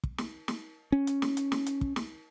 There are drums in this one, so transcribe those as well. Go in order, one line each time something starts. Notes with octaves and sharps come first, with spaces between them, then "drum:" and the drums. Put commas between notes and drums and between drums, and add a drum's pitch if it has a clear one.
drum: kick
drum: snare
drum: snare
C#4
drum: hi-hat
drum: snare
drum: hi-hat
drum: snare
drum: hi-hat
drum: kick
drum: snare